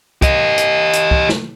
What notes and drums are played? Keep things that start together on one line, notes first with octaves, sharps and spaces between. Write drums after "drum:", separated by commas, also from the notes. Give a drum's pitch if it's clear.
G4 D#5, drum: kick, hi-hat
drum: hi-hat
drum: hi-hat
drum: kick
drum: snare